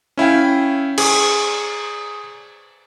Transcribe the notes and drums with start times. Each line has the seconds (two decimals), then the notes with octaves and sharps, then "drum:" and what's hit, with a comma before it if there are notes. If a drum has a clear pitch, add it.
0.17 C#4 E4 F5 G5
0.98 G#4, drum: cymbal